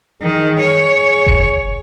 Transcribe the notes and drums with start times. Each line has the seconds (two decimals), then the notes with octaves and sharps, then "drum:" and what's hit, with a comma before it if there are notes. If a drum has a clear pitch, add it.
0.22 D#3 G#4
0.60 C#5
1.27 drum: kick F#1